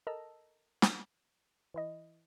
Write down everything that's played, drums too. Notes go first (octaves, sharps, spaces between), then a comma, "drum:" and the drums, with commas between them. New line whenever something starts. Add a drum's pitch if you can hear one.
A4 A#4 D#5 A5 A#5 E6
drum: snare
E3 E4 D#5